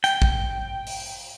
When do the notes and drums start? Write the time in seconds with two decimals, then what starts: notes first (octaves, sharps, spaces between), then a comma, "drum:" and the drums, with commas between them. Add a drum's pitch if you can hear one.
0.04 G5, drum: hi-hat
0.22 drum: kick
0.87 drum: open hi-hat